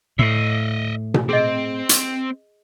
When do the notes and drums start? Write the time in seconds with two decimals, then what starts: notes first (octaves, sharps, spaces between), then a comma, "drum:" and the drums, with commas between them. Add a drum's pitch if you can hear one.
0.19 A2 D#5 E5
1.14 drum: tom B2
1.29 C4 G#4 D#5
1.89 drum: hi-hat